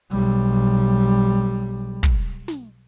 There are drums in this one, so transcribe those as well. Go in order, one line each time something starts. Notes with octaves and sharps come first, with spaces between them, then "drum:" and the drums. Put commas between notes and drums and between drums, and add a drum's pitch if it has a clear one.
B1 G3, drum: hi-hat
drum: kick
drum: snare